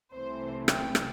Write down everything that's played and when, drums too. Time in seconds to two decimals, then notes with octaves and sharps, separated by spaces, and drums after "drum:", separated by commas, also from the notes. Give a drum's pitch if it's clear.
0.12 C2 C3 E3 A3 C4 C5
0.68 G5, drum: rim click
0.95 drum: rim click